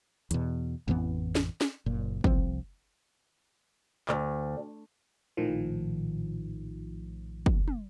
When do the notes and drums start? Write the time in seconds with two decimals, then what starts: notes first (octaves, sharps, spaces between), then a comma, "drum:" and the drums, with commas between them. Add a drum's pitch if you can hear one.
0.31 E2 B2, drum: hi-hat
0.88 A1 F2 E3 B3
1.35 drum: snare
1.61 drum: snare
1.86 F#1 A#2
2.24 C2 F3 C4, drum: kick
4.09 D2, drum: clap
5.37 A#1 A2 D#3 F3
7.46 drum: kick
7.68 drum: tom